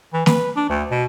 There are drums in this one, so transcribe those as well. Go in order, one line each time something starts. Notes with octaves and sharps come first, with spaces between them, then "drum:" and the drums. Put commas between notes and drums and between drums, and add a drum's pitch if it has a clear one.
E3
B4, drum: snare
D4
D2
B2